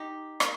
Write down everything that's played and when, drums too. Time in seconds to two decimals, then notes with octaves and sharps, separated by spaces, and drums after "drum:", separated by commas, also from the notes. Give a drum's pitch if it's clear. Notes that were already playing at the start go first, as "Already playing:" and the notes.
Already playing: D#4 G4
0.40 A#3, drum: rim click